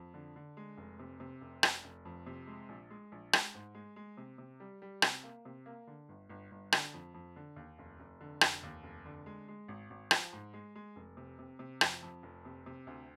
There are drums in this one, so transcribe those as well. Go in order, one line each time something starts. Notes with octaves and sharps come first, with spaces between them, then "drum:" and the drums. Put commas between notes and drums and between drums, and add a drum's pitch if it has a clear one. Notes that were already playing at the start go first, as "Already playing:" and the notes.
Already playing: F2
D3
D3
G#3
F1
C3
C3
F1
F1, drum: rim click
F1
F2
C3
G#3
A#1
G#3
A#1
G#3, drum: rim click
G#2
G#3
G#3
C3
C3
G3
G3
C3, drum: rim click
A#3
C3
A#3
D3
G1
G1
G1
D3, drum: rim click
F2
F2
D3
D#2
F1
F1
D3
F1, drum: rim click
D#2
F1
D3
G#3
G#3
G#1
G#1
F3, drum: rim click
G#2
G#3
G#3
F1
C3
C3
C3
F2, drum: rim click
F2
F1
C3
C3
D2